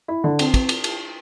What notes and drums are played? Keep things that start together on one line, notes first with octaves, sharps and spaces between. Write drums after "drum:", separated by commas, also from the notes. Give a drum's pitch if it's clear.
E4
D3
C4, drum: cymbal
drum: kick, cymbal
drum: cymbal
drum: cymbal